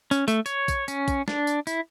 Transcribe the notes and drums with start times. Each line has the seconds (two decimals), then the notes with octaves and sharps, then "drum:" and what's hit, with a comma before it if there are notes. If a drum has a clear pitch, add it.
0.11 C#4, drum: tambourine
0.28 A3, drum: tambourine
0.46 C#5, drum: tambourine
0.68 drum: kick, tambourine
0.88 C#4, drum: tambourine
1.08 drum: kick, tambourine
1.28 D4, drum: snare
1.47 drum: tambourine
1.67 E4, drum: tambourine